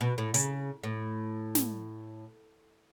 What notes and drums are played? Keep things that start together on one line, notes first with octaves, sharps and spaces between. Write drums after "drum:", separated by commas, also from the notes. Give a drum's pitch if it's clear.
B2
A2
C#3, drum: hi-hat
A2
drum: snare